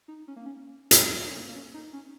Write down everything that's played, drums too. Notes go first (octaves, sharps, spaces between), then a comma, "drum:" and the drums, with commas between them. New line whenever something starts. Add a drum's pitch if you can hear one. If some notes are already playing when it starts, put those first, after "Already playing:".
D#4
C#4
A#3
C#4
F#3, drum: hi-hat
A#3
C#4
A#3
A#3
C#4
D#4
C#4